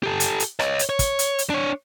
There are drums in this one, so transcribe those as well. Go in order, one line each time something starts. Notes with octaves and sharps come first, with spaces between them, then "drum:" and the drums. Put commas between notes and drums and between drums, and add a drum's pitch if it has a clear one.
G4 A4
drum: hi-hat
drum: hi-hat
C#5 D#5, drum: rim click
drum: hi-hat
C#5
drum: kick, hi-hat
drum: hi-hat
drum: hi-hat
D4 C#5